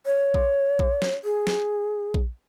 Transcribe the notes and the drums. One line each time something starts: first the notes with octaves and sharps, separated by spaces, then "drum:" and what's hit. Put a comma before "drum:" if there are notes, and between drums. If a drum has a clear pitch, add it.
C#5
drum: kick A#1
drum: kick A#1
drum: snare
G#4
drum: snare
drum: kick A#1